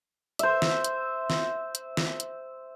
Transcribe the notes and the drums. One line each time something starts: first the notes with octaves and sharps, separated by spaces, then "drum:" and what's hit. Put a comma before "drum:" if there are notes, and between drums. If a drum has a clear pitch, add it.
C5 E5, drum: hi-hat
drum: snare
drum: hi-hat
drum: snare
drum: hi-hat
drum: snare
drum: hi-hat